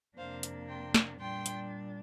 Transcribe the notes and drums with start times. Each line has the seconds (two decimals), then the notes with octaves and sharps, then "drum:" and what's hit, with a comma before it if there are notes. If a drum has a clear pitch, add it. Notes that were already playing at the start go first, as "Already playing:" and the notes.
0.17 F2 C3 A#3 D4 C5 F5
0.43 drum: hi-hat
0.68 G5 C6
0.94 drum: snare
1.20 A#2 G3 D4 G5 C6
1.46 drum: hi-hat